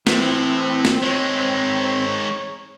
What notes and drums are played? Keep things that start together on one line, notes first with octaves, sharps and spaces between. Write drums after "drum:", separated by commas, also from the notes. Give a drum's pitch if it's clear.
A2 E3 C4, drum: snare
drum: snare
D#3 G#3 C#5